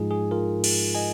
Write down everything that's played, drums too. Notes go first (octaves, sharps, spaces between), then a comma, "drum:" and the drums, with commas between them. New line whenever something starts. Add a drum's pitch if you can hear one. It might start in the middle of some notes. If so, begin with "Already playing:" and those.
Already playing: G#2 F3 G#3 D#4 F4 G#4
G#4
F4 A#4
drum: cymbal
D#5 G#5